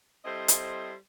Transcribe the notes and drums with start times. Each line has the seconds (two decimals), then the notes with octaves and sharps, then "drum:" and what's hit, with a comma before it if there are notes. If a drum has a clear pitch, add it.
0.25 G3 C4 E4 A4 C5 D#5
0.48 drum: hi-hat